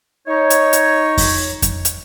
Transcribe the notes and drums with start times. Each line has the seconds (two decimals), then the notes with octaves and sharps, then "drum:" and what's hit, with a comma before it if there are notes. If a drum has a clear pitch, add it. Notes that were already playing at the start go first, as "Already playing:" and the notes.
0.28 D#4 C#5
0.50 drum: hi-hat
0.73 drum: hi-hat
1.18 drum: kick F2, open hi-hat
1.62 drum: kick F2, hi-hat
1.85 drum: hi-hat